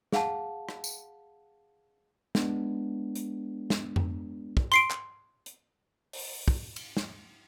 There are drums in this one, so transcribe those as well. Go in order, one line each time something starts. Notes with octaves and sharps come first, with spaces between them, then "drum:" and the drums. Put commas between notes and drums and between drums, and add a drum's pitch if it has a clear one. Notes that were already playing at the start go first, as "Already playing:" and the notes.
G#4 F5 F#5 A5, drum: snare
drum: rim click
drum: tambourine
G#3 B3 D4, drum: snare
drum: hi-hat
drum: snare
drum: tom F2
drum: kick
C6 C7 D7, drum: hi-hat
drum: clap
drum: hi-hat
drum: open hi-hat
drum: kick
drum: cymbal
drum: snare